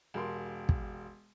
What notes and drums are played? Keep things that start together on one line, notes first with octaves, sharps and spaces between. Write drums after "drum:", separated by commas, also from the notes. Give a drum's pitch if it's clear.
E1 G4 A#4 C6
drum: kick